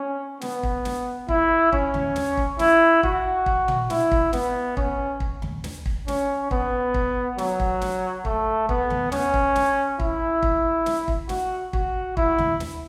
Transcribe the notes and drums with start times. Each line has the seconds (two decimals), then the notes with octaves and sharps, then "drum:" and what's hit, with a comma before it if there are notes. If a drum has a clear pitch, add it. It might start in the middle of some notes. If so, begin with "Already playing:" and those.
Already playing: C#4
0.41 B3, drum: snare
0.63 drum: kick
0.85 drum: snare
1.29 E4, drum: kick
1.73 C#4, drum: kick
1.94 drum: tom D#2
2.16 drum: snare
2.37 drum: kick
2.59 E4, drum: snare
3.03 F#4, drum: kick
3.46 drum: kick
3.68 drum: tom
3.90 E4, drum: snare
4.12 drum: kick
4.33 B3, drum: snare
4.77 C#4, drum: kick
5.20 drum: kick
5.42 drum: tom D#2
5.64 drum: snare
5.86 drum: kick
6.08 C#4, drum: snare
6.51 B3, drum: kick
6.94 drum: kick
7.38 F#3, drum: snare
7.60 drum: kick
7.81 drum: snare
8.25 A3, drum: kick
8.69 B3, drum: kick
8.90 drum: tom D#2
9.12 C#4, drum: snare
9.34 drum: kick
9.56 drum: snare
10.00 E4, drum: kick
10.43 drum: kick
10.86 drum: snare
11.08 drum: kick
11.29 F#4, drum: snare
11.73 F#4, drum: kick
12.17 E4, drum: kick
12.38 drum: tom D#2
12.60 drum: snare